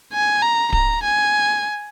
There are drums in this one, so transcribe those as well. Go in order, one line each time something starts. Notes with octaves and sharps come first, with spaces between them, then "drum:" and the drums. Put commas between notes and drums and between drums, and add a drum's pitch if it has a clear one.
G#5
A#5
A#5, drum: kick D1
G#5